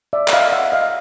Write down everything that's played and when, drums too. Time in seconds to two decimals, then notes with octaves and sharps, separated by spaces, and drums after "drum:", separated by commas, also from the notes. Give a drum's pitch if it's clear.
0.13 D5 E5
0.28 E5, drum: clap
0.33 D#5 F5
0.52 E5 F#5
0.72 D#5 F5